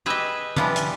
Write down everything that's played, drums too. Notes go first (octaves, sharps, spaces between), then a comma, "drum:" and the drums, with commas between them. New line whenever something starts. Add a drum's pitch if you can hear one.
G4 G#4 B4 D#5 E5
E3 F3 G3 B3 D4, drum: tom
drum: hi-hat